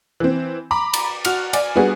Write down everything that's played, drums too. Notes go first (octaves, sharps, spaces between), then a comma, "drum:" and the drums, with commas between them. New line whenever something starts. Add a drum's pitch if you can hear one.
E3 C4
A#5 B5 D6
drum: cymbal
F#4 F6 F7, drum: cymbal
D5 G#5, drum: cymbal
G3 B3 D4 F#4 G#4